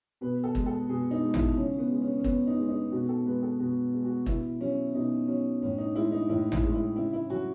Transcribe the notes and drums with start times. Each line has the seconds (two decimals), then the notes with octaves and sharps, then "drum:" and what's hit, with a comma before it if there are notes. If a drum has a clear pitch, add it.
0.21 B2 B4
0.44 A4
0.55 G#3, drum: kick
0.66 A4
0.89 B2 G#4
1.11 D#4
1.23 G#3
1.34 E4, drum: tom
1.57 C#3 C#4
1.79 B3
1.90 G#3
2.02 C#4
2.19 C#4
2.24 C#3 B3, drum: kick
2.47 D#4
2.58 G#3
2.69 D#4
2.91 B2 F#4
3.09 A4
3.26 G#3 B4
3.43 A4
3.59 B2 F#4
3.93 G#3
4.05 F#4
4.26 B2 E4, drum: kick
4.60 F#3 C#4
4.94 B2 D#4
5.28 F#3 C#4
5.62 A2 C#4
5.78 D#4
5.95 G#3 E4
6.12 D#4
6.29 A2 E4
6.52 E4, drum: tom
6.63 G#3
6.74 E4
6.96 C#3 E4
7.13 E4
7.30 F#3 F#4